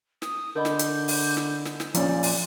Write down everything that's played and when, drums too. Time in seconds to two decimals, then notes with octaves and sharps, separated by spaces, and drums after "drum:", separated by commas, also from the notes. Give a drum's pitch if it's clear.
0.22 D#6, drum: snare
0.56 D3 A#4 D#5 B5 G6
0.65 drum: snare
0.79 drum: hi-hat
1.08 drum: open hi-hat
1.37 drum: snare
1.65 drum: snare
1.80 drum: snare
1.94 A#2 F3 C#4 D5, drum: hi-hat
2.23 drum: open hi-hat